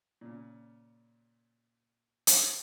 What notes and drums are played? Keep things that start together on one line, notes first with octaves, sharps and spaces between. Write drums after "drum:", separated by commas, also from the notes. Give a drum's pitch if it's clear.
A#2 C#3
drum: hi-hat